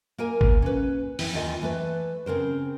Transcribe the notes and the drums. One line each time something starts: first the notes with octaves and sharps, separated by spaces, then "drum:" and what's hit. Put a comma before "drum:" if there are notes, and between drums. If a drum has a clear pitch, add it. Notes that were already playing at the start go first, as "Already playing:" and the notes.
A#3 A#4 G#5
drum: kick
C#4 B4
E3 C4 E4, drum: open hi-hat
D#2 C4 F4 D#5 G5 G#5
E3 A3 B4
C#3 C4 A#4 C5